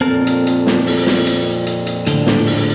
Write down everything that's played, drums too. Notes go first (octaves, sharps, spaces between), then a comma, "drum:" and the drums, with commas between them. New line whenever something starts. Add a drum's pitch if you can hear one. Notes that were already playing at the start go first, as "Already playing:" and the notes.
F2 A#2 C4 A4 A#4
drum: hi-hat
drum: hi-hat
drum: snare
drum: open hi-hat
drum: snare
drum: hi-hat
drum: hi-hat
drum: hi-hat
A2 D3, drum: hi-hat
drum: snare
drum: open hi-hat